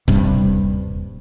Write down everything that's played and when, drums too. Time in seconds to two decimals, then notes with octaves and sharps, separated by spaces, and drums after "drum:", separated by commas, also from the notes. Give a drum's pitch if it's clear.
0.08 D#1 G2 C3, drum: kick C#1